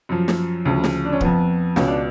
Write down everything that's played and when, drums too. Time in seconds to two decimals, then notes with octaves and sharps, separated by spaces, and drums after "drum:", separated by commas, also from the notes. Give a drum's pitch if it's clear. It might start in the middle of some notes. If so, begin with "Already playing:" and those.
0.09 F#2 F3
0.28 drum: snare
0.65 D2 C#3 F3
0.84 drum: snare
1.04 D4
1.13 C#4
1.21 F2 F3 B3, drum: kick D1
1.76 C#2 B2 C#4, drum: snare
1.88 D4